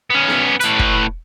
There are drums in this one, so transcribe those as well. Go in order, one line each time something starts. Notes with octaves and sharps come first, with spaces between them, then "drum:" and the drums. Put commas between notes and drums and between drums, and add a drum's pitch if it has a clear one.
B3 C#4
drum: snare B3
A2 B4, drum: hi-hat
drum: kick